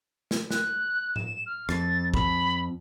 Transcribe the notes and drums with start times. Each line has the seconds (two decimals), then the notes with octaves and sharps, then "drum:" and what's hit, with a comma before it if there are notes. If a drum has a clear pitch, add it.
0.31 drum: snare
0.51 F#6, drum: snare
1.16 E7, drum: tom A2
1.46 F6
1.69 F2 A6, drum: rim click
2.14 B5, drum: kick